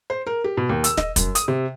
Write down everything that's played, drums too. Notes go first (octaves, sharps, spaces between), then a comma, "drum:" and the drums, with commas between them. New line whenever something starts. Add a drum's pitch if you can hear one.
C5
A#4
G4
B2
D#2
E6, drum: hi-hat
D#5, drum: snare
F#2, drum: kick, hi-hat
D#6, drum: hi-hat
C3